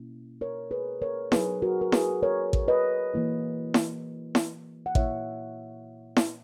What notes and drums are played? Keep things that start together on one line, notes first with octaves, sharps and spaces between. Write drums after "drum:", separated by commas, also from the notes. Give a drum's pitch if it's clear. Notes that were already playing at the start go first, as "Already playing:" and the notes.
Already playing: B2 A#3 C#4 E4
A#4 C#5
G#4 B4
A#4 C#5
F#3 B3 D#4 G#4 B4, drum: snare E4
F#4 A#4
A#4
G#4 B4, drum: snare E4
A#4 C#5
drum: kick A1
B4 D#5
E3 A#3 E4
drum: snare E4
drum: snare E4
F#5
A#2 A#3 E4 C#5 E5, drum: kick A1
drum: snare E4